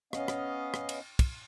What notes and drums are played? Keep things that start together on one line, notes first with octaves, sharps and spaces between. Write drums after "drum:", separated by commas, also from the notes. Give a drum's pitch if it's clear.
B3 C#4 D#5 F5, drum: rim click
drum: rim click
drum: rim click
drum: cymbal
drum: kick, cymbal